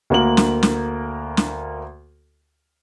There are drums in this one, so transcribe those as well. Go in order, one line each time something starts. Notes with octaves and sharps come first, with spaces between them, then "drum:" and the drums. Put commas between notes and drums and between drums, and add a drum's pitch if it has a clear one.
D2 A#3 A#4 F#7
drum: snare
drum: snare
drum: snare